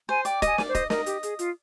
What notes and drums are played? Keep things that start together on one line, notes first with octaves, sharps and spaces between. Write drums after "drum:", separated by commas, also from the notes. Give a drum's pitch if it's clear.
C5 G#5
D5 G5, drum: hi-hat
D#5 G#5, drum: kick D#1, hi-hat
D5, drum: snare
C5
D#5, drum: kick D#1, hi-hat
A#4 D#5, drum: snare
G4, drum: hi-hat
G#4, drum: hi-hat
F4, drum: hi-hat